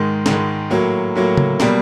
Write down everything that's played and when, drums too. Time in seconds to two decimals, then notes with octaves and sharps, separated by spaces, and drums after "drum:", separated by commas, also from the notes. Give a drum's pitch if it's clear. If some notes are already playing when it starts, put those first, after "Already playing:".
Already playing: G#2 D#3 G#3
0.26 G#2 D#3 G#3, drum: snare
0.70 A2 F#3 A#3
1.15 A2 F#3 A#3
1.37 drum: tom C#3
1.60 B2 G3 A#3, drum: snare